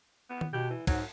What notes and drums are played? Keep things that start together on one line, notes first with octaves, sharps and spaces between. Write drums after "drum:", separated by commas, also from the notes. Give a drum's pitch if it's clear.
B3
drum: tom D#3
B2 G4
E3
G#2 F#3, drum: kick, cymbal